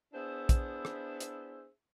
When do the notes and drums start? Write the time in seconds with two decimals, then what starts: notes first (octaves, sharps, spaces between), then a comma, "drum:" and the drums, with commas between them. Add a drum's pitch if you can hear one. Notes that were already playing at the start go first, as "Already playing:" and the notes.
0.14 B3 D4 E4 G#4 C5 E5
0.49 drum: kick, hi-hat
0.85 drum: rim click
1.20 drum: hi-hat